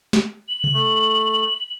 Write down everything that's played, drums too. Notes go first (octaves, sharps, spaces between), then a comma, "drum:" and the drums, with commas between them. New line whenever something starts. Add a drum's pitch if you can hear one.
drum: snare
F#7
drum: tom C3
A3